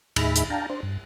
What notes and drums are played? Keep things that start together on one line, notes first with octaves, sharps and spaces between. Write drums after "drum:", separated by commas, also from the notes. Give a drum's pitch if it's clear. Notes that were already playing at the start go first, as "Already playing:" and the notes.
D#2 A2 D#4 G#4 E5 B5, drum: cymbal
drum: hi-hat
D4 F5 G5 A5 A#5
D4 C5
G2